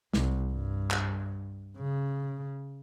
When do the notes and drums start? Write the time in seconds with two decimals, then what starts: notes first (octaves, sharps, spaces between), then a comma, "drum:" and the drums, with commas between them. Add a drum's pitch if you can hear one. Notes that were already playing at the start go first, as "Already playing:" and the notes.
0.13 C2, drum: snare
0.53 G2
0.91 drum: clap
1.78 C#3